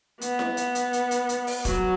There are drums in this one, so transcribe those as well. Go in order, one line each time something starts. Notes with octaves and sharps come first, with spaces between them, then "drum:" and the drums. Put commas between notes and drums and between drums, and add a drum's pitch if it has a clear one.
B3, drum: hi-hat
drum: snare E4
drum: hi-hat
drum: hi-hat
drum: hi-hat
drum: hi-hat
drum: hi-hat
drum: open hi-hat
F#3, drum: kick E1, hi-hat